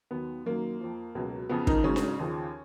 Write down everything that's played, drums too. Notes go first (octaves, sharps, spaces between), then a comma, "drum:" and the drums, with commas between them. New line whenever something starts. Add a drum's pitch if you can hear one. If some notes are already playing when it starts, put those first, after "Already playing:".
D#2 D#3 F#3 B3
F#2 D#3 F#3 A#3
F2 F3
C#2 B2 F#3
F2 C#3 F3 B3
D#3 D#4, drum: kick
G#2 C#3 F#3 C#4
drum: snare D4
D#2 C#3 F3